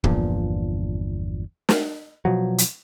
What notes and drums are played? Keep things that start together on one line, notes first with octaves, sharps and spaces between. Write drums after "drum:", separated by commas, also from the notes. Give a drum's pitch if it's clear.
G1 E2 A#2 F3, drum: kick
drum: snare
B2 F3 F#3
drum: hi-hat